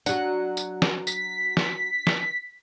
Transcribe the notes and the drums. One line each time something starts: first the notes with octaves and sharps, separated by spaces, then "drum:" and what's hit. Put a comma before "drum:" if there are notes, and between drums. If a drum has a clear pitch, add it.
F#3 D4 F#4 F#5, drum: tambourine
drum: tambourine
drum: snare
B6, drum: tambourine
drum: snare
drum: snare